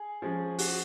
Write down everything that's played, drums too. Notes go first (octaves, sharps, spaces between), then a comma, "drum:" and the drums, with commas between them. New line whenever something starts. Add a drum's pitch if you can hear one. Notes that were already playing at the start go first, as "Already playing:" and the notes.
Already playing: G#4
F3 G#3 C#4
F#4, drum: open hi-hat